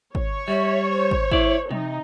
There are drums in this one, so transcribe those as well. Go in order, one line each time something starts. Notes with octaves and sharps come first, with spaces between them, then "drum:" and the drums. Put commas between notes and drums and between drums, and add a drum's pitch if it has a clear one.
C#5, drum: kick
G3 E5
C5
drum: kick
E4 D5, drum: kick
C3 D#4, drum: tom